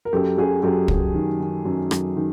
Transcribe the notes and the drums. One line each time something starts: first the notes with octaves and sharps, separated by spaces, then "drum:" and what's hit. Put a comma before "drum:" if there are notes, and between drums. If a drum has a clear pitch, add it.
A#4
F#2 G4 A4
F#2 F#4 G#4
F#2 G4 A4
F#2, drum: kick
D#3
D#3
F#2
F#2, drum: rim click
D#3